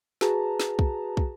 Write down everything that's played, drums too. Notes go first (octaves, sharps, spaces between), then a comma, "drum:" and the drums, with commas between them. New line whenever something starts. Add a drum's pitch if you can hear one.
F#4 G#4 B4 A5 A#5, drum: snare
drum: snare
drum: kick
drum: kick